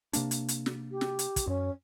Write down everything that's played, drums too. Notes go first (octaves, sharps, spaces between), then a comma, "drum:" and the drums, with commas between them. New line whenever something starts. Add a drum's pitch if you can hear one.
C3 A#3 D4, drum: hi-hat
drum: hi-hat
drum: hi-hat
drum: snare
G4
drum: snare
drum: hi-hat
drum: kick, hi-hat
F#2 C#4